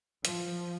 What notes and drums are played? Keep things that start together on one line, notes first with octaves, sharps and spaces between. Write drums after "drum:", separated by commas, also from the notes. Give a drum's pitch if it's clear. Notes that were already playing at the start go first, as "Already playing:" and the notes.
F3, drum: hi-hat